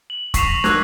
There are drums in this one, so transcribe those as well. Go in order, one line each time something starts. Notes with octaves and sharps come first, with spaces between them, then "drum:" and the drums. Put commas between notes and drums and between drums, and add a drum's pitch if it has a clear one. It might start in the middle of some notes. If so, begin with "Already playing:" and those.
F#7
C#6 B6 C7 E7 F7, drum: kick, hi-hat
A#6
D6 E6 F#6 G#6 A#6, drum: snare